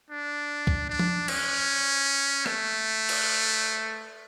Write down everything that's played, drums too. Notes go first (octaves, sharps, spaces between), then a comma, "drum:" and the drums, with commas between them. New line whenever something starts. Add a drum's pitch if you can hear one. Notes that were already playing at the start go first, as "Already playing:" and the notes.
D4
drum: kick
D4
drum: tom F3
C#4, drum: cymbal
A3, drum: rim click
drum: cymbal